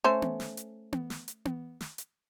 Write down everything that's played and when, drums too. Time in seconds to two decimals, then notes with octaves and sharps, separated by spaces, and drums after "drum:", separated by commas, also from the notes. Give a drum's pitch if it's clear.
0.04 A3 C#4 C5
0.22 drum: tom B3
0.40 drum: snare
0.57 drum: hi-hat
0.92 drum: tom B3
1.10 drum: snare
1.28 drum: hi-hat
1.45 drum: tom B3
1.81 drum: snare
1.98 drum: hi-hat